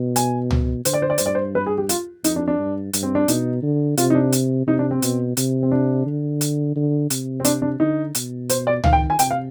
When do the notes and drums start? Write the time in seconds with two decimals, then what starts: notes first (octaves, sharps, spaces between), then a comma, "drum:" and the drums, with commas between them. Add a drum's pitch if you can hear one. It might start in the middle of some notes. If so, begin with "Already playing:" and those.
Already playing: B2
0.16 G#5, drum: hi-hat
0.51 drum: tom C#2
0.85 D3 C5, drum: hi-hat
0.94 D5
1.02 C5
1.10 D5
1.18 G2 C5, drum: hi-hat
1.26 D5
1.35 C5
1.55 B4
1.66 G#4
1.78 G4
1.89 F4, drum: hi-hat
2.24 F2 D#4, drum: hi-hat
2.36 D4
2.48 D4
2.59 G2
2.94 G2, drum: hi-hat
3.03 C4
3.15 D4
3.28 B2 D#4, drum: hi-hat
3.63 D3
3.98 C3 F4, drum: hi-hat
4.10 D#4
4.15 D4
4.33 drum: hi-hat
4.67 C3 D#4
4.79 D4
4.91 C4
5.02 B2, drum: hi-hat
5.37 C3, drum: hi-hat
5.63 C4
5.72 D4
6.06 D3
6.41 drum: hi-hat
6.76 D3
7.10 C3, drum: hi-hat
7.40 C4
7.45 D4, drum: hi-hat
7.62 D4
7.80 D3 D#4
8.15 B2, drum: hi-hat
8.50 C5, drum: hi-hat
8.67 D5
8.84 D#3 F5, drum: tom C#2
8.93 G5
9.10 G#5
9.19 C3 G5, drum: hi-hat
9.31 F5